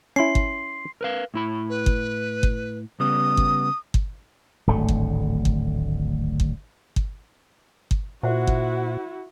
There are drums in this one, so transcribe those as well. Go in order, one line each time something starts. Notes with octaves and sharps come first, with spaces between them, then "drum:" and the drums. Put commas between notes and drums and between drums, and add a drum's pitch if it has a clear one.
C#4 E4 C6 C7
drum: kick G1
A#4 B4 F5
A2 E4 B5
B4
drum: kick G1
drum: kick G1
C#3 G3 B3 D#6
drum: kick G1
drum: kick G1
D1 G#1 D3 A3
drum: kick G1
drum: kick G1
drum: kick G1
drum: kick G1
drum: kick G1
A#2 E4 F#4 C5 E5 F#5
drum: kick G1